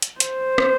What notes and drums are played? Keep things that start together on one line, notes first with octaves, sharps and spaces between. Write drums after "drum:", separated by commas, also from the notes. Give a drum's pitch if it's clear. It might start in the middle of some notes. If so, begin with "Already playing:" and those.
drum: hi-hat
C5, drum: hi-hat
drum: rim click